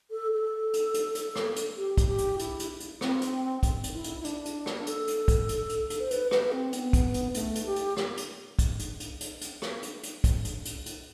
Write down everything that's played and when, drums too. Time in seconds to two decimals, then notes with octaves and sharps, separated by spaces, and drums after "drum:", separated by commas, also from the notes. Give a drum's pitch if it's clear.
0.11 A4
0.32 A4
0.74 drum: hi-hat
0.94 drum: hi-hat
1.15 drum: hi-hat
1.36 drum: rim click
1.56 drum: hi-hat
1.77 G4
1.97 drum: kick, hi-hat
2.08 G4
2.18 drum: hi-hat
2.39 E4, drum: hi-hat
2.59 drum: hi-hat
2.80 drum: hi-hat
3.01 C4, drum: rim click
3.21 drum: hi-hat
3.63 drum: kick, hi-hat
3.83 drum: hi-hat
3.94 E4
4.04 drum: hi-hat
4.20 E4
4.24 D4, drum: hi-hat
4.45 drum: hi-hat
4.66 drum: rim click
4.87 A4, drum: hi-hat
5.07 drum: hi-hat
5.28 drum: kick, hi-hat
5.49 drum: hi-hat
5.69 drum: hi-hat
5.90 drum: hi-hat
6.00 C5
6.11 B4, drum: hi-hat
6.31 B4, drum: rim click
6.52 C4
6.73 B3, drum: hi-hat
6.93 drum: kick, hi-hat
7.14 drum: hi-hat
7.34 A3, drum: hi-hat
7.55 drum: hi-hat
7.66 G4
7.76 drum: hi-hat
7.97 drum: rim click
8.17 drum: hi-hat
8.59 drum: kick, hi-hat
8.79 drum: hi-hat
9.00 drum: hi-hat
9.21 drum: hi-hat
9.41 drum: hi-hat
9.62 drum: rim click
9.83 drum: hi-hat
10.03 drum: hi-hat
10.24 drum: kick, hi-hat
10.45 drum: hi-hat
10.65 drum: hi-hat
10.86 drum: hi-hat